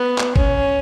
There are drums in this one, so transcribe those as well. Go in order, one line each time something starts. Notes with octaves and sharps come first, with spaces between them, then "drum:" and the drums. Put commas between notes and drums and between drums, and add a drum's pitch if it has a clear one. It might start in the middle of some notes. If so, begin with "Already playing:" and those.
Already playing: B3
drum: clap
C#4, drum: kick G#1